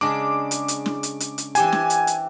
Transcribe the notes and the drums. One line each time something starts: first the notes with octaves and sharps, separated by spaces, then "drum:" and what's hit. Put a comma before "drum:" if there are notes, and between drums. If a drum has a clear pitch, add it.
C#3 G#3 D4 D6
drum: hi-hat
drum: hi-hat
drum: snare
drum: hi-hat
drum: hi-hat
drum: hi-hat
E3 G4 C5 G#5, drum: hi-hat
drum: snare
drum: hi-hat
drum: hi-hat